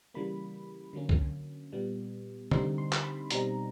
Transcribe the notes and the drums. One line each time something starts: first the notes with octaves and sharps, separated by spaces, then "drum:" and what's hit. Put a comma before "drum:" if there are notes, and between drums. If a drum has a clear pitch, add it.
C#3 E3 G3 A#3 B5
D3 F#3 A#3 C#4
drum: kick
A#2 G3 B3
D3 G3 C4 D#4 C6, drum: tom
C6
drum: clap
B5
B2 G3 C4 D#4 A#5, drum: hi-hat